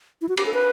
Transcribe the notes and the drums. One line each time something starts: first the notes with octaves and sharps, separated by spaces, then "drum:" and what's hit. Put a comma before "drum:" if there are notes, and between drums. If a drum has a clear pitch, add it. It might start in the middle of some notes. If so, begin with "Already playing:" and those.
E4
F#4
G4, drum: cymbal
A4
B4